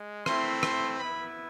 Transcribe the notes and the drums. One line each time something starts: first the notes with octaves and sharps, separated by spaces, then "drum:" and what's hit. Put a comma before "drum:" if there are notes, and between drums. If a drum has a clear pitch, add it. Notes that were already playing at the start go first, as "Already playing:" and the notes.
Already playing: G#3
A3 C4 E4 C6, drum: rim click
C6, drum: rim click
B3 E4 B5